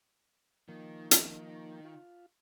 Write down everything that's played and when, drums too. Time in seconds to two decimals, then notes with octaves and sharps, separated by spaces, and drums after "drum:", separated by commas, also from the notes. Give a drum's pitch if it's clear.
0.68 D#3 F3 A#3
1.11 drum: hi-hat
1.85 F4